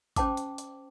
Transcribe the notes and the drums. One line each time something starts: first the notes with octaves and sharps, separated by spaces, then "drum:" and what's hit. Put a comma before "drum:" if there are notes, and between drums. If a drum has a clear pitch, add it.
C#4 C5 G5 A5 D6, drum: kick G#1, hi-hat
drum: hi-hat
drum: hi-hat